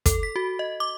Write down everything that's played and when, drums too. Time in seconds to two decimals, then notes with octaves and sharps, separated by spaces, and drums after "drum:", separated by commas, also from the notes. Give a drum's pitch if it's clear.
0.06 A4, drum: kick, hi-hat
0.23 B6
0.36 F#4
0.59 D#5
0.80 D6